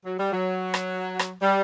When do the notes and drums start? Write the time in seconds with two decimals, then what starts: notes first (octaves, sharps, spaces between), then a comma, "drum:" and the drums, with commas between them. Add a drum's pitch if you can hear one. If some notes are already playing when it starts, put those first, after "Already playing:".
0.05 F#3
0.19 G3
0.32 F#3
0.74 drum: rim click
1.19 drum: rim click
1.42 G3